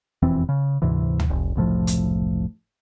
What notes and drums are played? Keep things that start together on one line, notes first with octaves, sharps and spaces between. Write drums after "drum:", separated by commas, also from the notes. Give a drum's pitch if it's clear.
E1 F2 E3 C4
C#3
D2 G#2 C3 E3
drum: tom C#2
F1
F#1 C2 A2 F3
drum: hi-hat